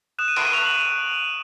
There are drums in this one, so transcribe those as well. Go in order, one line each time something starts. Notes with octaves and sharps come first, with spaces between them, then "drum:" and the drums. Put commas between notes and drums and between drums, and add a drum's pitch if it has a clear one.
D#6 F#6 E7
D#7
D7, drum: cymbal
D#7
C#6 F7
F#6
F#7
F7
C#6 F#6